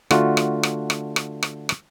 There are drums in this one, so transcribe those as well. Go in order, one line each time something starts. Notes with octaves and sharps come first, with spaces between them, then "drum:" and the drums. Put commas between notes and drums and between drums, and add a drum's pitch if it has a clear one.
D3 A3 F4 F#4, drum: rim click
drum: rim click
drum: rim click
drum: rim click
drum: rim click
drum: rim click
drum: rim click